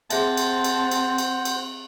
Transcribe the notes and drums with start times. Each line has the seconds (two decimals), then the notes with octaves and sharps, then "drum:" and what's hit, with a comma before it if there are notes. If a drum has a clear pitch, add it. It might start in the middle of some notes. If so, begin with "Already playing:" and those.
0.10 C4 G#4 C5 E5 F#5 A5, drum: cymbal
0.37 drum: cymbal
0.64 drum: cymbal
0.91 drum: cymbal
1.18 drum: cymbal
1.45 drum: cymbal